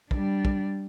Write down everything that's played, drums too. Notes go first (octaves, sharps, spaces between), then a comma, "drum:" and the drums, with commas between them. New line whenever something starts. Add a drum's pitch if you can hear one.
G3 D4, drum: kick
drum: kick